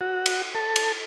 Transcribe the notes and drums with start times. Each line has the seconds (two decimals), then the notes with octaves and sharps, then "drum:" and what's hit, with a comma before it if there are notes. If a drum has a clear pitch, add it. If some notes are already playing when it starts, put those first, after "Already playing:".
0.01 F#4
0.26 drum: cymbal
0.55 A4
0.76 drum: cymbal